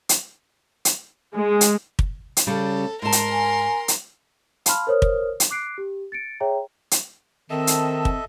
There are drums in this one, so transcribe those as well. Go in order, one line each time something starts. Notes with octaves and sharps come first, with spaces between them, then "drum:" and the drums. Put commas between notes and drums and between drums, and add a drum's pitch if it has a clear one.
drum: hi-hat
drum: hi-hat
G#3
drum: hi-hat
drum: kick
drum: hi-hat
C#3 G3 C#4 A4
G#2 A#4 A5 C6
drum: hi-hat
G#5
drum: hi-hat
F5 A5 B5 C6 F6, drum: hi-hat
A#4 C5 C#5 D#6 F6
drum: kick
drum: hi-hat
D6 F#6 C7 D7
G4
A6 C#7 D7
G#4 C#5 E5 G5 A#5
drum: hi-hat
D#3 C4 A4 D#5 E5 A5
drum: hi-hat
drum: kick